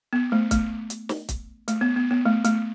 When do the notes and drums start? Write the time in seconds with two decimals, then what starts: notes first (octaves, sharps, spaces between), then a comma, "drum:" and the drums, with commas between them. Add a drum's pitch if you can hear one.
0.13 B3
0.32 A3
0.51 A3, drum: kick, hi-hat
0.90 drum: hi-hat
1.09 drum: snare
1.29 drum: kick, hi-hat
1.68 A3, drum: hi-hat
1.81 B3
1.96 B3
2.11 B3
2.26 A3
2.44 A3, drum: hi-hat